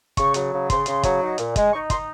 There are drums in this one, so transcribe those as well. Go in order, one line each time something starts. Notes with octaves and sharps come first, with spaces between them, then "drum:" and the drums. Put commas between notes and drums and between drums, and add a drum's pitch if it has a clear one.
C#3 C#6, drum: kick, hi-hat
F#3, drum: hi-hat
C#3
C#3 C6, drum: kick, hi-hat
C#3, drum: hi-hat
F#3, drum: kick, hi-hat
D#4
A#2, drum: hi-hat
G#3, drum: kick, hi-hat
D#4 C#6
D#4 C6, drum: kick, hi-hat